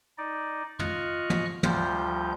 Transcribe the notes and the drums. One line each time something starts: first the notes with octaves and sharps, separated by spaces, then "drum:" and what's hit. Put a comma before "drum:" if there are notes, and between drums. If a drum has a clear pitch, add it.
D#4 D5
F4 D#5 C#6 F6 F#6, drum: tom
drum: tom
D2 F3 G3 F4 G6, drum: tom